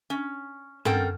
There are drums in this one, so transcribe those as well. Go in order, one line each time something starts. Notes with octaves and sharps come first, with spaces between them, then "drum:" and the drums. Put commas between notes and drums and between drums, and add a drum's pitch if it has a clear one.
C#4
C4 C#4 A4 A#4 F#5 G5, drum: tom